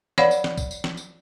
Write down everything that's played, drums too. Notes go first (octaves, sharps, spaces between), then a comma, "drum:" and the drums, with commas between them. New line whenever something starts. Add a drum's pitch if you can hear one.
B4 C#5 D5 F5 F#5 B5, drum: snare
drum: tambourine
drum: snare
drum: kick B1, tambourine
drum: tambourine
drum: snare
drum: tambourine